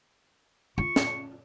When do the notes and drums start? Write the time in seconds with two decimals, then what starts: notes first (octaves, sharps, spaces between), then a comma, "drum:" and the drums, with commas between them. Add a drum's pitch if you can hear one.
0.78 F4 C#6
0.96 drum: snare